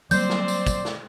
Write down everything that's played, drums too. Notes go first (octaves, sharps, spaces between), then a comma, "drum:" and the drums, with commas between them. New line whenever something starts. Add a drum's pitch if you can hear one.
F#3 G3 A#3 C4 C5 D5 G6, drum: tambourine
drum: snare
drum: tambourine
drum: kick, tambourine
drum: snare